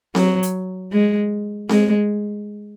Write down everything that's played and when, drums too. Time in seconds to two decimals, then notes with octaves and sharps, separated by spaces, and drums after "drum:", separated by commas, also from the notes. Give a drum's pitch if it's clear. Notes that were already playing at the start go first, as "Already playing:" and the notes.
0.15 F#3, drum: snare C4
0.43 drum: hi-hat
0.92 G#3
1.69 G#3, drum: snare C4